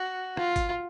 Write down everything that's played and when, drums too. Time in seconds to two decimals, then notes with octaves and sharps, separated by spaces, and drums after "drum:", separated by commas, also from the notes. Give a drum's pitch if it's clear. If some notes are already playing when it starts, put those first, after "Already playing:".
Already playing: F#4
0.37 F4, drum: rim click
0.56 drum: kick, hi-hat